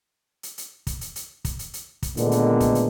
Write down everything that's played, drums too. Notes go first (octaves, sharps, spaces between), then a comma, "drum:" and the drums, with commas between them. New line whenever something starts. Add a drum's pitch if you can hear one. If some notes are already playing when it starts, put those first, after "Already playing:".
drum: hi-hat
drum: hi-hat
drum: kick, hi-hat
drum: hi-hat
drum: hi-hat
drum: kick, hi-hat
drum: hi-hat
drum: hi-hat
drum: kick, hi-hat
A#2 D3 D#3 G#3 A3 B3, drum: hi-hat
drum: hi-hat
drum: kick, hi-hat
drum: hi-hat